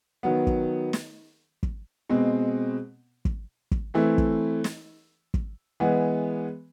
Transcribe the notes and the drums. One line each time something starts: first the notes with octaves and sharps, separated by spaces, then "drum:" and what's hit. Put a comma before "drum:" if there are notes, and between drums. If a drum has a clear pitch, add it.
D#3 F#3 B3
drum: kick
drum: snare
drum: kick
B2 G#3 C4
drum: kick
drum: kick
E3 A3 C4 E4
drum: kick
drum: snare
drum: kick
E3 G#3 B3